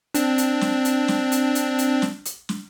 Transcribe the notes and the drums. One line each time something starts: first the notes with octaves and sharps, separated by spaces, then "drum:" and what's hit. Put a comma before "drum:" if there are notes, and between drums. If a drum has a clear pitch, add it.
C4 D4, drum: hi-hat
drum: hi-hat
drum: snare
drum: hi-hat
drum: snare
drum: hi-hat
drum: hi-hat
drum: hi-hat
drum: snare
drum: hi-hat
drum: snare